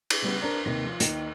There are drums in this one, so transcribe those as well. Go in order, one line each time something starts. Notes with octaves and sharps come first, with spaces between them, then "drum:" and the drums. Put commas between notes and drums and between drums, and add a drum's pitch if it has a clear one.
drum: cymbal
C#3 G3 B3
D4 A#4 C5 D5 A#5
D#2 C3 D#3 A#6
F3 F4
D#2 D#3 C#7, drum: hi-hat